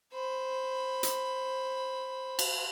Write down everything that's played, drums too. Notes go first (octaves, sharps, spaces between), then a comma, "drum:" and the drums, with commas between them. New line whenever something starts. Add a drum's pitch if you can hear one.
C5 B5
drum: hi-hat
drum: cymbal